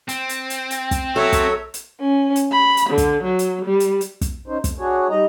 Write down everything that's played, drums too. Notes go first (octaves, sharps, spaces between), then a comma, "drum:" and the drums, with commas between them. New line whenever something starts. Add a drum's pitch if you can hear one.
C4, drum: hi-hat
drum: hi-hat
drum: hi-hat
drum: hi-hat
drum: kick, hi-hat
F#3 A4 C#5 E5
drum: kick, hi-hat
drum: hi-hat
C#4
drum: hi-hat
B5
drum: hi-hat
D3
drum: kick, hi-hat
F#3
drum: hi-hat
G3
drum: hi-hat
drum: hi-hat
drum: kick, hi-hat
C#4 D#4 C5
F2, drum: kick, hi-hat
D4 F#4 G#4 C#5
G3 D#4 D#5 A#5